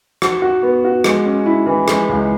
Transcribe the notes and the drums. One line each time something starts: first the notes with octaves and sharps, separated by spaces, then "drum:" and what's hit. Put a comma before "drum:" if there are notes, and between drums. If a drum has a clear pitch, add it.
F#4, drum: rim click
F#4
B3
F#4
G#3, drum: rim click
C#4
E4
E3
G#3, drum: rim click
C#2